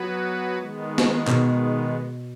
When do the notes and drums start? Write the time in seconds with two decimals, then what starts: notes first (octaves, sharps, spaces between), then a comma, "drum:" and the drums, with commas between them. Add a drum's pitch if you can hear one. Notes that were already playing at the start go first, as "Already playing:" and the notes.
Already playing: F#3 B3 F#4 B4
0.58 D#3 G#3 B3
0.98 drum: snare
1.28 B2, drum: clap